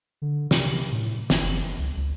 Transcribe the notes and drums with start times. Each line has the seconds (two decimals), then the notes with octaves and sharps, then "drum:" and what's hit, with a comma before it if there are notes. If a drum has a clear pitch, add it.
0.22 D3
0.51 C3, drum: snare
0.92 A2
1.30 F#1, drum: snare
1.79 C#2
1.97 C#2